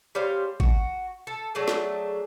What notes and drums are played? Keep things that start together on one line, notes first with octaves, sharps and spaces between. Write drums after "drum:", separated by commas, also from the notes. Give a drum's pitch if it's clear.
G3 C#4 C5 F5
F#4, drum: kick G#1
A4
F#3 A3 D4 G#4
drum: snare